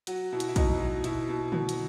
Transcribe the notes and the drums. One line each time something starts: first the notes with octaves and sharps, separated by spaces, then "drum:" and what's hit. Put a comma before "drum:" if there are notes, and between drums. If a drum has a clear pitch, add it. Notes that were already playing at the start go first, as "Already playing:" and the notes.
F#3 F#4, drum: hi-hat
B2 E4
F#4, drum: hi-hat
E4
B2 D#4, drum: kick, hi-hat
F#3
B2 E4, drum: hi-hat
B2
B2, drum: tom D3
drum: hi-hat